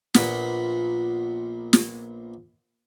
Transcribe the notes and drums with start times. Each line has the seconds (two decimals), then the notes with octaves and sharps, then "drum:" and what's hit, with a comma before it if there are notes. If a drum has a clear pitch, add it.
0.14 A#1 A#2 B3 F#5 B5, drum: snare
1.73 drum: snare